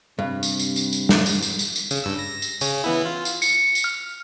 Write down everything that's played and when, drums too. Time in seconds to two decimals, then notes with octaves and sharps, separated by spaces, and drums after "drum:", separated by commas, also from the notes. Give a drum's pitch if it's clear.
0.19 G2 C3
0.43 drum: tambourine
0.59 drum: tambourine
0.76 drum: tambourine
0.93 drum: tambourine
1.09 drum: snare
1.26 drum: tambourine
1.42 drum: tambourine
1.59 drum: tambourine
1.76 drum: tambourine
1.91 C#3, drum: tambourine
2.04 G2 E6
2.19 A#6
2.42 drum: tambourine
2.61 C#3 C#4, drum: tambourine
2.84 E3 B3 E4
3.05 F4
3.25 drum: tambourine
3.42 C#7, drum: tambourine
3.75 drum: tambourine
3.84 F6